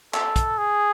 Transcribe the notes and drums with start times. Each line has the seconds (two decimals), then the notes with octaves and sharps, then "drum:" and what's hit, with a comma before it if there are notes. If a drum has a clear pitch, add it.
0.14 A4, drum: clap
0.36 drum: kick, hi-hat
0.58 G#4